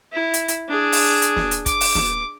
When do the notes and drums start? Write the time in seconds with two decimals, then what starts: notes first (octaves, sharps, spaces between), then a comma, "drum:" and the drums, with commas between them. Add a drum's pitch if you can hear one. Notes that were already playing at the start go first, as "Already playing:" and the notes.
0.13 E4
0.34 drum: hi-hat
0.48 drum: hi-hat
0.69 D4 G#4
0.92 drum: open hi-hat
1.22 drum: hi-hat
1.36 drum: snare
1.51 drum: hi-hat
1.66 D6, drum: kick, hi-hat
1.81 drum: open hi-hat
1.95 drum: snare